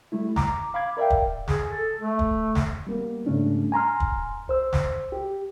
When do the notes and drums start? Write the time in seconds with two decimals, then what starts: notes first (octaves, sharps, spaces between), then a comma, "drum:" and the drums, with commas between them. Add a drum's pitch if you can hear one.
0.12 G3 A3 E4
0.36 A#5 D6, drum: snare
0.74 F5 B5 D6 G#6
0.97 A#4 D5 E5 F5 G5
1.10 drum: kick
1.48 G#4, drum: snare
1.69 A4
2.01 A3
2.19 drum: kick
2.55 drum: snare
2.87 G3 A#3 B3
3.26 G#2 C#3 G3 A3 C#4 D4
3.72 G#5 A#5 C6 F6
4.00 drum: kick
4.48 C2 C5 E6
4.73 drum: snare
5.12 G4